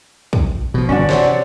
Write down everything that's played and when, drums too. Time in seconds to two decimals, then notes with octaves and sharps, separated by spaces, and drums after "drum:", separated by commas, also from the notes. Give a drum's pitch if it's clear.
0.33 drum: kick
0.74 B2 F3
0.89 G1 E2 C#4 D4 F#4 D5
1.09 C3 C5 C#5 F#5, drum: snare